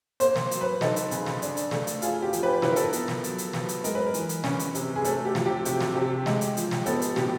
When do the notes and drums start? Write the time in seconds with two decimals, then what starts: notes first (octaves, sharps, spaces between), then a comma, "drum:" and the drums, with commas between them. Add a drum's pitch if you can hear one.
0.20 A#3 C5, drum: hi-hat
0.36 drum: snare
0.51 F#3, drum: hi-hat
0.61 B4
0.81 D#4 A4, drum: snare
0.96 drum: hi-hat
1.11 C#3, drum: hi-hat
1.26 drum: snare
1.42 D4, drum: hi-hat
1.57 drum: hi-hat
1.71 A3, drum: snare
1.87 drum: hi-hat
2.02 F4 G#4, drum: hi-hat
2.22 G4
2.33 F3, drum: hi-hat
2.43 B4
2.62 E4 B4, drum: snare
2.70 A#4
2.76 A4, drum: hi-hat
2.84 A#4
2.93 B3, drum: hi-hat
3.08 drum: snare
3.24 F#3, drum: hi-hat
3.38 drum: hi-hat
3.53 F#3, drum: snare
3.69 drum: hi-hat
3.84 G#3 A#4, drum: hi-hat
3.95 B4
4.06 A#4
4.14 E3, drum: hi-hat
4.29 drum: hi-hat
4.44 C#4, drum: snare
4.59 drum: hi-hat
4.75 C3, drum: hi-hat
4.96 G#4
5.04 A3 A4, drum: hi-hat
5.25 G4
5.35 F3, drum: snare
5.46 G4
5.65 C3 F#4, drum: hi-hat
5.80 drum: snare
5.95 C3 G4
6.26 G#3, drum: snare
6.41 drum: hi-hat
6.57 F3, drum: hi-hat
6.71 drum: snare
6.86 B3 A4, drum: hi-hat
7.02 drum: hi-hat
7.16 A2 G4, drum: snare